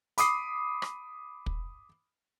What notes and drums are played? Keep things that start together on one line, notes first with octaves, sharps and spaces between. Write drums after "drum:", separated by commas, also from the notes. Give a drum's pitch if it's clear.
B5 D6 D#6 C7, drum: hi-hat
drum: rim click
drum: kick